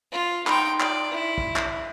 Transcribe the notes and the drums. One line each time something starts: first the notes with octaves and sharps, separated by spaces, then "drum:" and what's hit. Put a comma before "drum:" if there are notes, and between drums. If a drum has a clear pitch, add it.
F4
D#4 G5 B5 C6, drum: clap
D5, drum: clap
E4
drum: kick
drum: clap